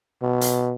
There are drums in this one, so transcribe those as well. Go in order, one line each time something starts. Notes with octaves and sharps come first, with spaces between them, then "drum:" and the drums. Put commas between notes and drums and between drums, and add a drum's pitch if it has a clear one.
B2
drum: hi-hat